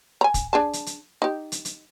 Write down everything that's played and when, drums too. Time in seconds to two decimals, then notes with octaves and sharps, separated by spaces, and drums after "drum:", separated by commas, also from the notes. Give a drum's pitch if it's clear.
0.21 G#5 A#5
0.34 drum: kick, hi-hat
0.53 D4 G#4 A5
0.73 drum: hi-hat
0.86 drum: hi-hat
1.22 D#4 G4
1.52 drum: hi-hat
1.65 drum: hi-hat